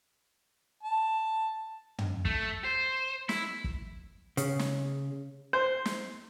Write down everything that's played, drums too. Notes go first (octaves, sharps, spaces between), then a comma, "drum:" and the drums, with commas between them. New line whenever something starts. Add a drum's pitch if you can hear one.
A5
drum: tom
A3, drum: kick
C5
E4, drum: snare
drum: kick
C#3, drum: hi-hat
drum: snare
C5
drum: snare